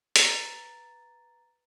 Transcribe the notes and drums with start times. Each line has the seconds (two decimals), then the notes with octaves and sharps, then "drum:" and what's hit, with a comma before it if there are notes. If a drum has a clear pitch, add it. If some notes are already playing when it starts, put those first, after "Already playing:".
0.16 B4 A#5 A6, drum: hi-hat